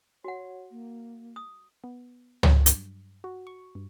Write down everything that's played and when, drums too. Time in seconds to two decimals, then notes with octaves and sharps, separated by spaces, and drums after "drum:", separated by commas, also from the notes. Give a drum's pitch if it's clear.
0.24 F#4 C#5 F#5
0.71 A#3
1.36 D#6
1.84 B3
2.43 F#3, drum: tom C#2
2.66 G2, drum: hi-hat
3.24 F#4
3.47 C#6
3.75 G2